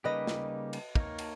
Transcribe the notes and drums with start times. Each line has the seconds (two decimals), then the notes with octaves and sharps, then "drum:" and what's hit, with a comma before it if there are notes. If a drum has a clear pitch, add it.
0.04 C#3 G3 A#3 D#4 G4 B4 D#5
0.27 drum: snare
0.73 drum: cymbal
0.95 A#3 D#4 A#4 C#5, drum: kick
1.19 drum: cymbal